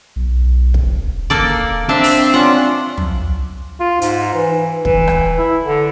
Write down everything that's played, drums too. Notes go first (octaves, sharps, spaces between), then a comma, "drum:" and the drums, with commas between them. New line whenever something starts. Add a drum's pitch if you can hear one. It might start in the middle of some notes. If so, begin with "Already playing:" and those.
B1
drum: kick
A#3 A4 D5, drum: kick
C4 D4 E5 E6
drum: open hi-hat
C#4 D4 F4 F#5
drum: tom
F4
G#2, drum: hi-hat
E3
E3, drum: kick
drum: rim click
E4
D3